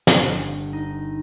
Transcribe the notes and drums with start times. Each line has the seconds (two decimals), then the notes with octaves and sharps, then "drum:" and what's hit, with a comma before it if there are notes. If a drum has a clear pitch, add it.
0.07 G1, drum: snare
0.73 D#4